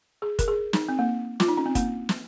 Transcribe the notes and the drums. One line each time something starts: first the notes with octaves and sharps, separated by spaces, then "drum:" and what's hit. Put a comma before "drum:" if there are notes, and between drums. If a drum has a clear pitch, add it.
G#4
A#4, drum: kick, hi-hat
G#4
D#4, drum: snare
C4
A#3
F4, drum: snare
D#4
C#4
C4
A#3, drum: kick, hi-hat
drum: snare